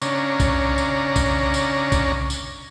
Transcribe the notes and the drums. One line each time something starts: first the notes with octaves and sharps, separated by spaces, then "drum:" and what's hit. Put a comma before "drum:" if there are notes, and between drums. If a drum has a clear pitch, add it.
C#3 C#4 D4 A#5, drum: tambourine
drum: kick, tambourine
drum: tambourine
drum: kick, tambourine
drum: tambourine
drum: kick, tambourine
drum: tambourine